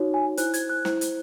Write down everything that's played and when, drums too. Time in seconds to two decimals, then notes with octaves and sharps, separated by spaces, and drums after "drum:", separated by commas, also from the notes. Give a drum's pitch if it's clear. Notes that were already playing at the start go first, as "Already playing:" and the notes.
Already playing: D#4 F#4 C#5
0.14 G#5
0.37 E4 C5 F#6, drum: hi-hat
0.54 G#6, drum: hi-hat
0.69 F#6
0.85 E4 C5, drum: snare
1.01 drum: hi-hat